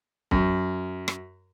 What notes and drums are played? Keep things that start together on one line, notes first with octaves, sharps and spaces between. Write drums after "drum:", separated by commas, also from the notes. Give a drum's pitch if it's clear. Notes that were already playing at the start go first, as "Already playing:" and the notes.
F#2, drum: kick
drum: rim click